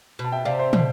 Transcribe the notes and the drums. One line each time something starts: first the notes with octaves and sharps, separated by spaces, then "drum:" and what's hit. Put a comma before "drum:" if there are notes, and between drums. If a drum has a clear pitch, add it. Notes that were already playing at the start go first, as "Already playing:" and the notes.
B2
A5
E5 G5
C3 D5 F5
C5 E5
B2, drum: tom